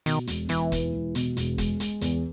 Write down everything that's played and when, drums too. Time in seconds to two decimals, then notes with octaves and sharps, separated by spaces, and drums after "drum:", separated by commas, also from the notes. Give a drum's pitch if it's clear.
0.06 B2 D#3, drum: hi-hat
0.27 E1, drum: hi-hat
0.49 E1 E3, drum: hi-hat
0.72 E1, drum: kick, hi-hat
0.93 E1
1.15 B2, drum: hi-hat
1.37 E1, drum: hi-hat
1.58 G#3, drum: kick, hi-hat
1.80 G#3, drum: hi-hat
2.01 E2, drum: hi-hat